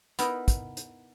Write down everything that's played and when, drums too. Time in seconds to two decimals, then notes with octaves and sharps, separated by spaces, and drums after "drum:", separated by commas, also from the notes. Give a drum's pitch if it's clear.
0.19 B3 D#4 E4 A#4, drum: hi-hat
0.48 drum: kick, hi-hat
0.77 drum: hi-hat